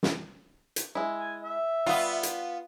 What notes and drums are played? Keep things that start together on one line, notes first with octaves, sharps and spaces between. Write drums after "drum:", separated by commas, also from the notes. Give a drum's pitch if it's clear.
drum: snare
drum: hi-hat
G#3 E4
G#5
E5
G3 B3 F4
drum: hi-hat